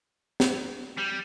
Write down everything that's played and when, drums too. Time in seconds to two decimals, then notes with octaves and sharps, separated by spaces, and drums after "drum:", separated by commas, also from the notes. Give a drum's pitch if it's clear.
0.40 drum: snare
0.98 G3